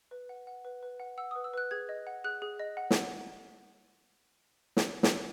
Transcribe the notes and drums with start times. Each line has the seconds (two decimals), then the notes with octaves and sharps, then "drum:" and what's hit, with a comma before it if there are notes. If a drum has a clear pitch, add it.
0.11 B4
0.29 F#5
0.47 F#5
0.65 B4
0.83 B4
1.00 F#5
1.18 F#5 E6
1.31 B4 D#6
1.44 E6
1.54 B4 F#6
1.71 G#4 G#6
1.89 D#5
2.07 F#5
2.24 G#4 F#6
2.42 G#4
2.59 D#5
2.77 F#5
2.91 drum: snare
4.77 drum: snare
5.03 drum: snare